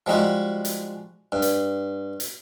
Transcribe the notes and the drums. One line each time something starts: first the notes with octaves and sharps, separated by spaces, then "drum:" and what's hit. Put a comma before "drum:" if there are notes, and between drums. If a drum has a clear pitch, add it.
F3 G3 G#3 D#4 F#4
drum: hi-hat
G2
drum: hi-hat
drum: hi-hat